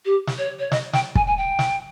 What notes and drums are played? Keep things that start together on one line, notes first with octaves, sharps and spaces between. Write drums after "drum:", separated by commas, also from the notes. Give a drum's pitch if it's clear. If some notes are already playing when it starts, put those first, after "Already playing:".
G4
drum: snare
C#5
C#5
D#5, drum: snare
G5, drum: snare
G#5, drum: kick
G#5
G5
drum: snare